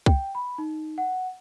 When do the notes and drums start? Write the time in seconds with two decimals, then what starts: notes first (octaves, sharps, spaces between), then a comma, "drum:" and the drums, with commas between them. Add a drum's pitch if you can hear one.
0.06 G5, drum: kick C2
0.35 B5
0.58 D#4
0.98 F#5